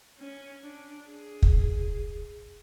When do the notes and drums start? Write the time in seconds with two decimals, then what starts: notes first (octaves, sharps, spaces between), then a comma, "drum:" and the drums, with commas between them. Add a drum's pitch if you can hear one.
0.18 C#4
0.63 D4
1.07 G#4
1.42 drum: kick